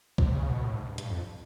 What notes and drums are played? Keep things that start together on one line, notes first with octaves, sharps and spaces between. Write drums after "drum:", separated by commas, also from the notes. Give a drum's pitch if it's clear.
C3, drum: kick C2
C#3
B2
A2
G#2
G2
G2, drum: hi-hat
F2